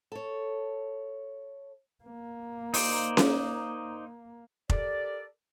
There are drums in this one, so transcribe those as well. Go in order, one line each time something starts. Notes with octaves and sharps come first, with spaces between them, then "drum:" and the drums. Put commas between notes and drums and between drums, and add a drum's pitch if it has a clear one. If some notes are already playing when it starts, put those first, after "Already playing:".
A4 C#5
A#3
D#4 C5 D5, drum: open hi-hat
drum: snare C#4
G4 A4 A#4 D5, drum: kick F1